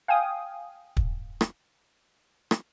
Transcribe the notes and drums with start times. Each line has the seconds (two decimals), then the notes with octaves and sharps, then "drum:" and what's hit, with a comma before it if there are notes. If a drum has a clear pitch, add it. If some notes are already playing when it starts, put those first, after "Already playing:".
0.08 F5 G5 G#5 D#6
0.97 drum: kick
1.41 drum: rim click
2.51 drum: rim click